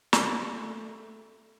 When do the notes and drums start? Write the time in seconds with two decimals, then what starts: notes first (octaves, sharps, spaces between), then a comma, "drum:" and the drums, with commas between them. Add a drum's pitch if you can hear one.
0.13 A#3, drum: snare
0.53 A3